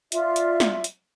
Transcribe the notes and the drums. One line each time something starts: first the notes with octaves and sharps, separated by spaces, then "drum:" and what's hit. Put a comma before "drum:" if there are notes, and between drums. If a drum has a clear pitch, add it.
F4 D5 E5, drum: hi-hat
drum: hi-hat
drum: snare
drum: hi-hat